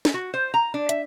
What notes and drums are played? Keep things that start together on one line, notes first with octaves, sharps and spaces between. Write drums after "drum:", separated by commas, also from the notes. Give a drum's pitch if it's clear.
drum: snare
F#4
C5
A#5
D4
E5, drum: hi-hat